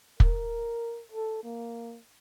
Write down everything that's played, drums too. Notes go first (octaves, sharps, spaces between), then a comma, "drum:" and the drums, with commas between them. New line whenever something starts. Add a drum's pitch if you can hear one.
A#4, drum: kick
A4
A#3